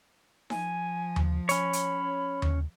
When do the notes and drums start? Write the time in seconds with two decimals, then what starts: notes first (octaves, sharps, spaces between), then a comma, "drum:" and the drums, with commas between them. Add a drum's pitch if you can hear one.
0.50 F3 G#5, drum: snare D#4
1.16 drum: tom D#2
1.49 C#4 C#5 B5, drum: hi-hat
1.73 drum: hi-hat
2.42 drum: tom D#2